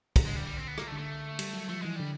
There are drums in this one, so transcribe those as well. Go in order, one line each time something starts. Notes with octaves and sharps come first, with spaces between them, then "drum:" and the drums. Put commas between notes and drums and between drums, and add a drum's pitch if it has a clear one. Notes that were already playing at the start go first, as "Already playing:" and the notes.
D3, drum: kick, cymbal
G#3
G3
G3
C4
B3
A#3, drum: rim click
A3
D3
A3
G3, drum: cymbal
F#3
F3 A3
E3 G#3
D3 G3